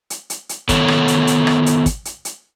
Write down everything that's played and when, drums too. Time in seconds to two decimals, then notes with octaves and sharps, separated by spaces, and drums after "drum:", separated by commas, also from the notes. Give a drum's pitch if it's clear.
0.10 drum: hi-hat
0.30 drum: hi-hat
0.49 drum: hi-hat
0.69 D#3 B3 A4 C#5, drum: kick, hi-hat
0.88 drum: rim click
1.08 drum: hi-hat
1.27 drum: hi-hat
1.47 drum: rim click
1.66 drum: hi-hat
1.86 drum: kick, hi-hat
2.05 drum: hi-hat
2.25 drum: hi-hat